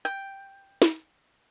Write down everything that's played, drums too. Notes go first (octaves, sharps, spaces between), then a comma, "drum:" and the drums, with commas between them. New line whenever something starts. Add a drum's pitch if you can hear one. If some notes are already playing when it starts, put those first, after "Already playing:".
G5
drum: snare